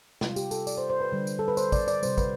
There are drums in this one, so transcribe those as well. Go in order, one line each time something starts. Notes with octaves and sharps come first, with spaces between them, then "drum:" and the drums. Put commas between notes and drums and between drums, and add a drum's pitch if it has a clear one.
C3 G3 F4, drum: snare
G4, drum: tambourine
A4, drum: tambourine
D5, drum: tambourine
C5
C5
B4
D3 G3
drum: tambourine
A4
B4
C5, drum: tambourine
D5, drum: kick, tambourine
D5, drum: tambourine
C3 G3 C5, drum: tambourine
B4, drum: kick, tambourine